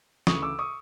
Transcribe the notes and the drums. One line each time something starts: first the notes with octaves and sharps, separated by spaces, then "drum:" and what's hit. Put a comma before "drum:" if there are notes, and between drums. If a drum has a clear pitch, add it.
D2 C#3 E3 C#6 D#6, drum: snare
D6 E6
C#6 D#6